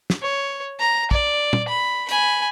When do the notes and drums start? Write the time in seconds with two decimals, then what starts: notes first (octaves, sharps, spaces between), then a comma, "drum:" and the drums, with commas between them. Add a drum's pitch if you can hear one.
0.10 drum: snare
0.22 C#5
0.80 A#5
1.11 D5, drum: kick
1.53 drum: tom
1.68 B5
2.09 G#5 B5, drum: hi-hat